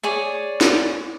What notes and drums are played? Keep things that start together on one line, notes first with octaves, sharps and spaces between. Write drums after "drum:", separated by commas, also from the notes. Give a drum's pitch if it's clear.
G#4 C#5 D5
drum: snare